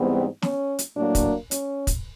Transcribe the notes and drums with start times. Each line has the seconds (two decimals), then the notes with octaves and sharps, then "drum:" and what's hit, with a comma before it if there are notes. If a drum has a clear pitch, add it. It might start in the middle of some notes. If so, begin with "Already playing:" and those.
Already playing: G#2 E3 G3 B3 C4
0.42 C#4, drum: snare
0.79 drum: hi-hat
0.96 A2 F#3 A#3 D4
1.15 drum: kick, hi-hat
1.51 C#4, drum: hi-hat
1.87 drum: kick, hi-hat